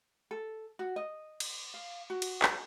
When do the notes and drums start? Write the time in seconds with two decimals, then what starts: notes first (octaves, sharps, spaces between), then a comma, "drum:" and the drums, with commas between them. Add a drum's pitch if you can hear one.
0.31 A4
0.79 F#4
0.96 D#5
1.40 drum: cymbal
1.74 F5
2.10 F#4
2.22 drum: cymbal
2.42 drum: clap